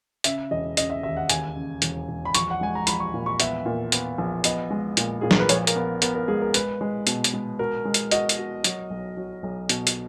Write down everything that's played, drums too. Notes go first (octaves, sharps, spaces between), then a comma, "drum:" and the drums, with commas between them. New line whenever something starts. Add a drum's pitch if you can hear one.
C#3 E5, drum: hi-hat
E1 D#5
C#3 D#5, drum: hi-hat
E5
D#2 E5
F#5
D#2 G#5, drum: hi-hat
C#3
E1, drum: hi-hat
E1
B5
A#1 C#6, drum: hi-hat
F#5
G#3 G#5
A#5
A#1 B5, drum: hi-hat
C#6
A#2
C#6
B3 E5, drum: hi-hat
A#2
B3, drum: hi-hat
A#1
B3 D#5, drum: hi-hat
G#3
A#2, drum: hi-hat
A#2 G#4
A#4, drum: snare
B4
A#1 C#5, drum: hi-hat
A#4, drum: hi-hat
B3
B3 A#4, drum: hi-hat
A#4
G#3 G#4
A#4
G#3 B4, drum: hi-hat
G#3
B2, drum: hi-hat
drum: hi-hat
G#3
F#4 A#4
G#3
drum: hi-hat
F#4 D#5, drum: hi-hat
drum: hi-hat
F#4
F#3, drum: hi-hat
B1
F#3
B1
B2, drum: hi-hat
drum: hi-hat